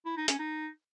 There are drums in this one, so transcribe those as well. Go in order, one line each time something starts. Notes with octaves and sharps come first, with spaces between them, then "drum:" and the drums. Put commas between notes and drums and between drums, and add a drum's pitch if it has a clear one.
E4
D#4
C#4, drum: hi-hat
D#4